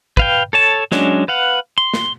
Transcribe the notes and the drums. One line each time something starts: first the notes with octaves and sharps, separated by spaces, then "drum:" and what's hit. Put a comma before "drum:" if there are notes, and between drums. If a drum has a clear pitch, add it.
B4 F5 G5, drum: kick
A4 C#5 A5
F#3 G#3 C#4 D4, drum: snare
B4 F5 F#5
C6
drum: snare